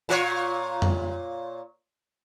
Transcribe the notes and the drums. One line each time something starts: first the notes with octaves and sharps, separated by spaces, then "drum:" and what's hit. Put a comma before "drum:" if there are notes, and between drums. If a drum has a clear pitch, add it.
A#2 F4 C#5
drum: tom F2